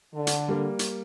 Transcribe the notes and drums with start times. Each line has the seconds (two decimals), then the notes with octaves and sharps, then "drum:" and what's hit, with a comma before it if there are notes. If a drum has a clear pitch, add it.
0.14 D3
0.27 drum: hi-hat
0.48 G3 A#3
0.79 drum: hi-hat